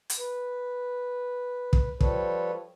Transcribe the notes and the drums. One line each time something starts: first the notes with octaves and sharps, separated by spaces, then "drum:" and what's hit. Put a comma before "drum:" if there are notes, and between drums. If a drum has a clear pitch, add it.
drum: hi-hat
B4
drum: kick
F3 G3 A4 B4 C#5, drum: kick